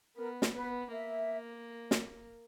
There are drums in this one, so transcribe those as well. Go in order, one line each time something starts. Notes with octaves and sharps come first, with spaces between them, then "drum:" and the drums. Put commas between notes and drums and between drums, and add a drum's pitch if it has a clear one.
B3 A#4
drum: snare
B3 B4
A#3 E5
drum: snare